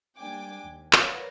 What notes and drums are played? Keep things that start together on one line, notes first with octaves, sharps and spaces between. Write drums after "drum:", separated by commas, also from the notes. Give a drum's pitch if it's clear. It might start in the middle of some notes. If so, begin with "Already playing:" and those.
G3 A#3 D4 G5 G#5 D6
D#2
A#4 B4 C#5 D5 F5 F#5, drum: clap